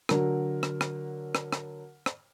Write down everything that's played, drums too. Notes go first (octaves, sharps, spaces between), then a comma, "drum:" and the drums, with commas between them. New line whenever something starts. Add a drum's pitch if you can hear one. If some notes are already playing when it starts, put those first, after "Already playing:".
D3 F#3 A#4, drum: rim click
drum: rim click
drum: rim click
drum: rim click
drum: rim click
drum: rim click